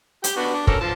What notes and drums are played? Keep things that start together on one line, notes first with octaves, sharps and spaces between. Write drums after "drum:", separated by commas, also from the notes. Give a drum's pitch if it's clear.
G4 G5, drum: hi-hat
B3 D4 F#4
D4
C#4 A4 A#4, drum: kick
F3 A5